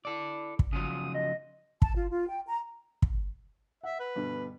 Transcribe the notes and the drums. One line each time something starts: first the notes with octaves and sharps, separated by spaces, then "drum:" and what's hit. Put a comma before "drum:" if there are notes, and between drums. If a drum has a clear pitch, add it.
E4 A4 D5
drum: kick
C#3 F3 F#3 D#6
D#5
A5, drum: kick
F4
F4
G5
A#5
drum: kick
E5 F#5
B4
G2 B2 D3